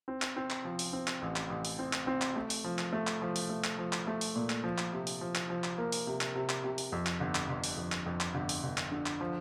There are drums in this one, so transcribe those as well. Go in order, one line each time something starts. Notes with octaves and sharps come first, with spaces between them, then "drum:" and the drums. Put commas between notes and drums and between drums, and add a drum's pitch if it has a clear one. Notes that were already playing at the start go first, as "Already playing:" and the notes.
C4
drum: clap
C4
drum: clap
F3
drum: open hi-hat
C4
drum: clap
A1
drum: clap
A1
drum: open hi-hat
C4
drum: clap
C4
drum: clap
A3
drum: open hi-hat
F3
drum: clap
A3
drum: clap
F3
drum: open hi-hat
A3
drum: clap
F3
drum: clap
A3
drum: open hi-hat
A#2
drum: clap
F3
drum: clap
C3
drum: open hi-hat
F3
drum: clap
F3
drum: clap
A#3
drum: open hi-hat
C3
drum: clap
C3
drum: clap
C3
drum: open hi-hat
F2
drum: clap
G1
drum: clap
G1
drum: open hi-hat
F2
drum: clap
F2
drum: clap
G1
drum: open hi-hat
G1
drum: clap
D3
drum: clap
F3